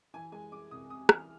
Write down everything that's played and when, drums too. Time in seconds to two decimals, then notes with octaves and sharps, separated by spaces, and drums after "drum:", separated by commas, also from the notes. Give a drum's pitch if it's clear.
0.14 E3 G#5
0.32 G#3 G#5
0.52 G#3 D6
0.71 C2 D#6
0.90 C3 D#6
1.09 E3 F6, drum: rim click